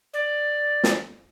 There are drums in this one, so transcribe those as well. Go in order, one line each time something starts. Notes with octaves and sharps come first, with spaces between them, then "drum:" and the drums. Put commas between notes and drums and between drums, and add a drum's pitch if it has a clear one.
D5
drum: snare